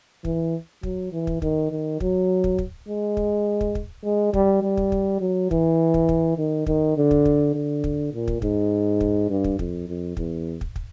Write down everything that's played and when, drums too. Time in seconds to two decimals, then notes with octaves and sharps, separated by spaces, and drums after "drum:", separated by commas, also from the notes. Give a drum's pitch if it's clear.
0.25 E3, drum: kick
0.83 F#3, drum: kick
1.12 E3
1.27 drum: kick
1.42 D#3, drum: kick
1.71 D#3
2.00 F#3, drum: kick
2.44 drum: kick
2.58 drum: kick
2.88 G#3
3.17 drum: kick
3.61 drum: kick
3.75 drum: kick
4.04 G#3
4.33 G3, drum: kick
4.62 G3
4.77 drum: kick
4.92 drum: kick
5.21 F#3
5.51 E3, drum: kick
5.94 drum: kick
6.09 drum: kick
6.38 D#3
6.66 D#3, drum: kick
6.97 D3
7.11 drum: kick
7.25 drum: kick
7.55 D3
7.84 drum: kick
8.14 A#2
8.28 drum: kick
8.42 G#2, drum: kick
9.00 drum: kick
9.30 G2
9.44 drum: kick
9.59 F2, drum: kick
9.88 F2
10.17 E2, drum: kick
10.61 drum: kick
10.76 drum: kick